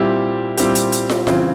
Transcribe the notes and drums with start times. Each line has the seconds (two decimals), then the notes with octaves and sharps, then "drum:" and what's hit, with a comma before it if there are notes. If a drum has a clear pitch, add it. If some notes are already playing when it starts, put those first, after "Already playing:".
Already playing: A#2 G3 C4 E4 G4
0.58 A#2 G3 C4 E4 G4, drum: hi-hat
0.75 drum: hi-hat
0.92 drum: hi-hat
1.10 drum: snare
1.27 C#3 E3 G3 C4 F4, drum: snare